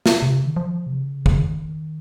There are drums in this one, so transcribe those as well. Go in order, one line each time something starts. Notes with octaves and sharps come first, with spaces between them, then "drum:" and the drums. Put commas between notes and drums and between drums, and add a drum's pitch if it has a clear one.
drum: snare
C3
C#3
D#3
F3
C3
C#3
C#3, drum: kick
D#3